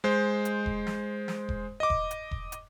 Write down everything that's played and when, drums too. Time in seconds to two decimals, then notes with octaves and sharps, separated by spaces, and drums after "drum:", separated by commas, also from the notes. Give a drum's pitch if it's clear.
0.04 G#3 C5 G6
0.45 drum: hi-hat
0.66 drum: kick E1
0.87 drum: snare
1.28 drum: snare
1.49 drum: kick E1
1.80 D#5 D6
1.90 drum: kick E1
2.11 drum: hi-hat
2.31 drum: kick E1
2.52 drum: hi-hat